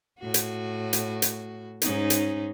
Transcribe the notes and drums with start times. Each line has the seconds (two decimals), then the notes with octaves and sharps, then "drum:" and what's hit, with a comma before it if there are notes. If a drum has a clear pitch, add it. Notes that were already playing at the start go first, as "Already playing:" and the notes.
0.19 A2 F#4
0.34 drum: hi-hat
0.93 drum: hi-hat
1.22 drum: hi-hat
1.82 G#2 C#4 D#4, drum: hi-hat
2.10 drum: hi-hat